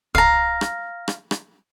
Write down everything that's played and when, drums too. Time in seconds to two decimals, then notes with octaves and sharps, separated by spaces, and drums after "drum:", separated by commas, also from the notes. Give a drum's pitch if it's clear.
0.15 F5 A#5, drum: kick
0.61 drum: rim click
1.08 drum: rim click
1.31 drum: rim click